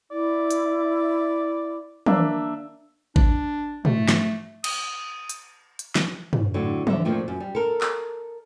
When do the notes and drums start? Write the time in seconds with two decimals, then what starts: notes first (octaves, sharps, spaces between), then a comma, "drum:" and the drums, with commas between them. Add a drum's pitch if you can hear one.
0.11 E4 D5
0.50 drum: hi-hat
2.06 A#3 D4 E5, drum: tom
3.16 D4, drum: kick A1
3.85 A3, drum: tom
4.09 drum: snare
4.64 D#6, drum: cymbal
5.29 drum: hi-hat
5.79 drum: hi-hat
5.96 drum: snare
6.33 drum: tom
6.54 A2 D3 F#3
6.87 D3 E5, drum: tom
7.05 F2 A#2 F3 A3 C4
7.28 F#2
7.40 G3
7.55 A4 A#4
7.81 drum: clap